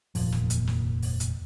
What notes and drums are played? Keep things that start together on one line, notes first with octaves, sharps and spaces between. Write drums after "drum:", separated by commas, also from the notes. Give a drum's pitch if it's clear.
F1 D#2 A#2 F3, drum: open hi-hat
drum: snare
drum: hi-hat
drum: snare
drum: open hi-hat
drum: hi-hat